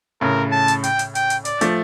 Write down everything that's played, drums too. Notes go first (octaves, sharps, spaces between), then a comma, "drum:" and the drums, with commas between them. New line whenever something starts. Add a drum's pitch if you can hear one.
A2 C#3 A#4
A5
drum: hi-hat
G5, drum: hi-hat
drum: hi-hat
G5, drum: hi-hat
drum: hi-hat
D5, drum: hi-hat
F3 A3, drum: hi-hat